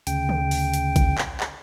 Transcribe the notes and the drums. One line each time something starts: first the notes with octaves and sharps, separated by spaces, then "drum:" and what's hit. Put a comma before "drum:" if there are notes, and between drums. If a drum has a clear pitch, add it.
D2 C#3 G5, drum: hi-hat
drum: tom C#3
drum: open hi-hat
drum: hi-hat
drum: kick A1, hi-hat
drum: clap
drum: clap